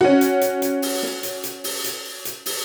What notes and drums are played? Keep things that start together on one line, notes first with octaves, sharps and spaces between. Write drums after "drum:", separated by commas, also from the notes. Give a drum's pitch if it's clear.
C#4 F#4
drum: hi-hat
drum: hi-hat
drum: hi-hat
drum: open hi-hat
drum: snare
drum: hi-hat
drum: hi-hat
drum: open hi-hat
drum: hi-hat
drum: hi-hat
drum: open hi-hat